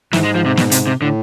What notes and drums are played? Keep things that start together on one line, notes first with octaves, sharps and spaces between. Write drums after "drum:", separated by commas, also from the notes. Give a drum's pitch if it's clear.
G#2 E3, drum: snare
G#3
F3
C3
B2, drum: snare
C3, drum: hi-hat
C3
A2 D3